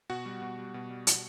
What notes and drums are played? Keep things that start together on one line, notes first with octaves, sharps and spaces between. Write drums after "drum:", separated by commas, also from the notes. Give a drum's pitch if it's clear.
B2 F#4 F#5
G3
B2
G3
B2
G3
B2, drum: hi-hat